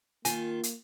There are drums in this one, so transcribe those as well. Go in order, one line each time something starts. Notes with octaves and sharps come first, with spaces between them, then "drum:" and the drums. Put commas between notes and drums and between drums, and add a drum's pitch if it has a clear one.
D#3 A#3 F4 G#5, drum: hi-hat
drum: hi-hat